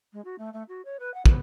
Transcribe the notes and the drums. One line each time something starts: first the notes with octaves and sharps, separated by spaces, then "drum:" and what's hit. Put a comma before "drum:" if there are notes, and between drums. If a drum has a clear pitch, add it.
G#3
F#4
A3
A3
F#4
C#5
B4
F#5
B3, drum: kick